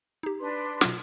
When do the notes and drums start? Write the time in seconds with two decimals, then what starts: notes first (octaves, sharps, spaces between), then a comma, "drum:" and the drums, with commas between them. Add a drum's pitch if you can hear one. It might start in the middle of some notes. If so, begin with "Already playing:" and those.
0.23 D#4 G4
0.40 D4 B4 C6
0.81 B2 F#3 F4, drum: snare